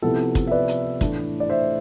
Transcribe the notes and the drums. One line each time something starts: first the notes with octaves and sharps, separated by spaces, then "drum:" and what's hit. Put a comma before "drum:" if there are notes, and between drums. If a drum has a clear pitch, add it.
C3 F3 B3 E4 A4
drum: kick, hi-hat
E5
B4 D5
drum: hi-hat
A2 E3 A3 D4, drum: kick, hi-hat
D5
C5 E5